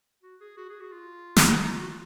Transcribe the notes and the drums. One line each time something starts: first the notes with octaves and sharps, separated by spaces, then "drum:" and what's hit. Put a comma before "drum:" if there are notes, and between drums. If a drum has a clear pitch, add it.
F#4
G#4
F#4
G#4
F#4
F4
drum: snare
D#4
F4
F#4
F4